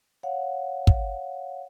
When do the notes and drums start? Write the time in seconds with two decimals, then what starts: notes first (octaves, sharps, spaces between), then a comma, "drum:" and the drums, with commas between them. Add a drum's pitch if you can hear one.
0.23 C#5 F5 F#5
0.87 drum: kick